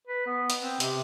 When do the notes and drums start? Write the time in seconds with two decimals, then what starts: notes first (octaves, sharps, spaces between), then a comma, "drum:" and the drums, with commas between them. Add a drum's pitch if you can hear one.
0.07 B4
0.27 B3
0.50 drum: hi-hat
0.61 C4
0.80 C3, drum: hi-hat